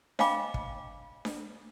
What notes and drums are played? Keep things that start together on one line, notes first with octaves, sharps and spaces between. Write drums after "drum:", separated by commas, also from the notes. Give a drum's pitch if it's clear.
D#5 F5 G5 G#5 B5 D6, drum: snare D4
drum: kick
drum: snare D4